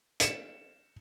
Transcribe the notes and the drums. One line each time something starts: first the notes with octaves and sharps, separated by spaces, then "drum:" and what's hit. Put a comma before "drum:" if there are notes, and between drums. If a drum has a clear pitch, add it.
C#7 E7, drum: hi-hat